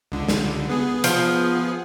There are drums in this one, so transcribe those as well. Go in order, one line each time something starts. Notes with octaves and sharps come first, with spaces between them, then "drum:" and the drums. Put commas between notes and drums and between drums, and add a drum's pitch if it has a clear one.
C#2 D3
drum: snare
B3 G#4
F3, drum: hi-hat